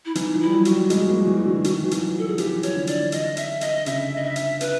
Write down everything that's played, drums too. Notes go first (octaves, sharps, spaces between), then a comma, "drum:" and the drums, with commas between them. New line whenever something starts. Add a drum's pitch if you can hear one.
E4
E3 D#4, drum: hi-hat
F3
G3 E4
F#3
F#4, drum: hi-hat
G3
G#3, drum: hi-hat
A#3
F3
E3
D3
D#3, drum: hi-hat
E3
F#3, drum: hi-hat
F3
A4
F3 G#4
E3 G4, drum: hi-hat
C#5, drum: hi-hat
D3
D5, drum: hi-hat
D#5, drum: hi-hat
E5, drum: hi-hat
D#5, drum: hi-hat
C#3 E5, drum: hi-hat
D#5
E5
drum: hi-hat
B4, drum: hi-hat